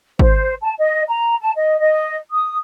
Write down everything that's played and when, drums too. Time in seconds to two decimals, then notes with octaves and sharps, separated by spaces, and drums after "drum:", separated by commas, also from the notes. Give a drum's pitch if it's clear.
0.19 C5, drum: kick G#1
0.60 A5
0.78 D#5
1.08 A#5
1.40 A5
1.55 D#5
1.79 D#5
2.31 D#6